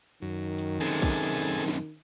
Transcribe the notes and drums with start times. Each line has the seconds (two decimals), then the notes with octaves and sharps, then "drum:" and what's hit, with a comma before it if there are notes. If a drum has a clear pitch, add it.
0.22 F#2 D#3
0.58 drum: hi-hat
0.80 F#2 C3 G#4 A4, drum: hi-hat
1.02 drum: kick, hi-hat
1.24 drum: hi-hat
1.46 drum: hi-hat
1.68 drum: snare